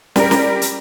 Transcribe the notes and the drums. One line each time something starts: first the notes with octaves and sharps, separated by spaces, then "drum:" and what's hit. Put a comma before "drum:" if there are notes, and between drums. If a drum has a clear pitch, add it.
G3 A#4, drum: snare
drum: snare
drum: hi-hat